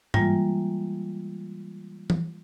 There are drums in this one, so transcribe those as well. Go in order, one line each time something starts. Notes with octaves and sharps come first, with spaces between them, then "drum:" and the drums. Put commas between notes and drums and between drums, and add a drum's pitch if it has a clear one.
E3 G3 G#3 A#3 F4, drum: tom G#2
drum: tom E3